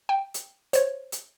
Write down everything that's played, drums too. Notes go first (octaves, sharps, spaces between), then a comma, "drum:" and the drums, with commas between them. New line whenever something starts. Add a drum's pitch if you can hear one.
G5
drum: hi-hat
C5 C#5, drum: hi-hat
drum: hi-hat